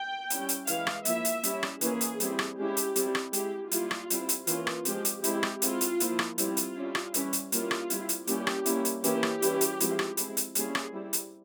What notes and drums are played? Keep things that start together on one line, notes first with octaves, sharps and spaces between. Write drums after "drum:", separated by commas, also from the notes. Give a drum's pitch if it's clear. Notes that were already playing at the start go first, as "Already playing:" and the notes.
Already playing: G5
G3 C#4 E4, drum: hi-hat
drum: hi-hat
E3 G#3 E4 F5, drum: hi-hat
drum: rim click
F3 A#3 E4 E5, drum: hi-hat
drum: hi-hat
G3 C#4 E4, drum: hi-hat
drum: rim click
E3 A#3 C#4 E4 G#4, drum: hi-hat
drum: hi-hat
G3 C4 E4, drum: hi-hat
drum: rim click
G#3 C#4 E4 G4
drum: hi-hat
G3 C4 E4, drum: hi-hat
drum: rim click
G#3 E4 G4, drum: hi-hat
G3 A#3 E4 F4, drum: hi-hat
drum: rim click
G3 C4 E4, drum: hi-hat
drum: hi-hat
E3 A#3 C#4 F4, drum: hi-hat
drum: rim click
F3 G#3 C4 G4, drum: hi-hat
drum: hi-hat
G#3 C4 E4 G4, drum: hi-hat
drum: rim click
G#3 C4 E4 F4, drum: hi-hat
drum: hi-hat
F3 A#3 E4, drum: hi-hat
drum: rim click
G3 C4 E4 F4, drum: hi-hat
drum: hi-hat
G3 C#4 E4
drum: rim click
E3 G3 C#4 E4, drum: hi-hat
drum: hi-hat
G3 A#3 C#4 E4 F4, drum: hi-hat
drum: rim click
G3 C4 E4, drum: hi-hat
drum: hi-hat
G3 A#3 C#4 E4 G4, drum: hi-hat
drum: rim click
G3 A#3 C#4 E4, drum: hi-hat
drum: hi-hat
E3 A#3 C#4 E4 G4, drum: hi-hat
drum: rim click
E3 G3 C#4 E4, drum: hi-hat
drum: hi-hat
F3 G#3 C4 E4, drum: hi-hat
drum: rim click
G#3 C4 E4, drum: hi-hat
drum: hi-hat
G3 A#3 C#4 E4 G#4, drum: hi-hat
drum: rim click
G3 C4 E4
drum: hi-hat